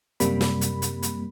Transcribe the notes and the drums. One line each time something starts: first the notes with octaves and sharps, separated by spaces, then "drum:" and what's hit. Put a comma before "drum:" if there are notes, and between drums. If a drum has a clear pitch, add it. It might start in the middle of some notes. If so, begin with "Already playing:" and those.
F#2 C3 G3 A#3 B5, drum: hi-hat
drum: snare
drum: hi-hat
drum: hi-hat
drum: hi-hat